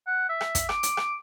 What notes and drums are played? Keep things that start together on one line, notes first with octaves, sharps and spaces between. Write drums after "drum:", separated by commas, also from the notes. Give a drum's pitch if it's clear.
F#5
E5
drum: rim click
drum: kick, hi-hat
D6, drum: rim click
drum: hi-hat
drum: rim click